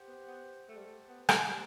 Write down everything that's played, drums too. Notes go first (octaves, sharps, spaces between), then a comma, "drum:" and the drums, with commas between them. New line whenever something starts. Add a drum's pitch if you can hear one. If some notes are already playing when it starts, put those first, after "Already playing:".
Already playing: G4 C5 F#5
B3
B3
A3 G4 C5 F#5 A5
G3
A3
B3
drum: rim click
G3 B3 F#4 A4 C5 F#5